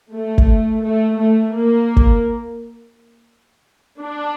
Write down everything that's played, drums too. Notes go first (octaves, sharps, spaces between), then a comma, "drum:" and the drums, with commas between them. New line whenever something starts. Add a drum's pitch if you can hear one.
A3
drum: kick
A3
A3
A#3
drum: kick
D4